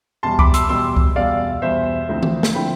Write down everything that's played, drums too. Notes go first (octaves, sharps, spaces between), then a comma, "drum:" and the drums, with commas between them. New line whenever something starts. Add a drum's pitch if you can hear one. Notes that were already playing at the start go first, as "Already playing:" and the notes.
E2 B2 G3 A5 C6
B5 D6, drum: kick C2
C6 E6, drum: hi-hat
E2 B2 G3 C6 E6
drum: kick C2
E2 B2 G3 D5 F5
E2 B2 G3 C5 E5
D2 D3 F3 C4 E4
drum: tom D#3
drum: snare
D3 F3 C4 E4 G5 B5